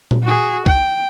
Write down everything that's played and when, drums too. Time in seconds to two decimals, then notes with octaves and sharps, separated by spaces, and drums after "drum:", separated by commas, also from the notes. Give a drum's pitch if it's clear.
0.11 drum: tom A#2
0.23 F#4 G#4
0.66 G5, drum: kick